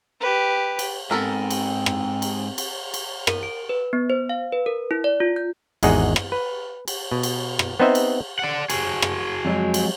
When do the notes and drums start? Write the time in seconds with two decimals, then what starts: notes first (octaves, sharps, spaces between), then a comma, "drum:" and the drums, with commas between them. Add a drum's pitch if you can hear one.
0.20 G4 B4
0.79 drum: cymbal
1.11 G#2 B3 C4 A4 A#4
1.50 drum: cymbal
1.86 drum: rim click
2.22 drum: cymbal
2.58 drum: cymbal
2.94 drum: cymbal
3.27 A#4, drum: rim click
3.43 D7
3.69 B4
3.93 B3
4.10 C5
4.29 F5
4.52 B4
4.66 A#4
4.91 E4
5.04 D5
5.20 F4
5.36 G6
5.83 G#1 E2 G#3 D#4 G#4 F#5, drum: cymbal
6.16 drum: rim click
6.32 B4
6.88 drum: cymbal
7.12 B2
7.23 drum: cymbal
7.59 drum: rim click
7.80 B3 C4 D#4 C5 D#5 E5
7.95 drum: cymbal
8.39 D5 F#5
8.70 F#4 G#4, drum: cymbal
9.02 drum: rim click
9.45 F2 F#3 G#3
9.74 drum: cymbal